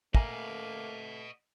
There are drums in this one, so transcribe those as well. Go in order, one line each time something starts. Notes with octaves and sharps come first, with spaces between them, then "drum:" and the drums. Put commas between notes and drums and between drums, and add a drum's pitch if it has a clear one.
A3 A#3 D#5 E5 F#5 G#5 A#5, drum: kick